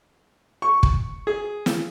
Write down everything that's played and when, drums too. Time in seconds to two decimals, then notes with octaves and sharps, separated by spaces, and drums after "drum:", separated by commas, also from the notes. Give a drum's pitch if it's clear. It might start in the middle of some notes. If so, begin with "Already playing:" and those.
0.62 C#6
0.83 drum: kick
1.27 G#4
1.66 drum: snare